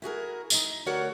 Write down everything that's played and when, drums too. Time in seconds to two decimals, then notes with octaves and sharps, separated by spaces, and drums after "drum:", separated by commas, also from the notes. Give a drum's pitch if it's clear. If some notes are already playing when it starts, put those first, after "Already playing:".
0.02 E4 F#4 G#4 A#4
0.50 D#4 D#5 E5, drum: tambourine
0.86 D2 F#4 A#4 C#5 D5 F#5